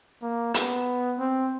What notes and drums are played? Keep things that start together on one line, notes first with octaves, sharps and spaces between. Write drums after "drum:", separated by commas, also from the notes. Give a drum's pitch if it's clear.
A#3
B3, drum: hi-hat
C4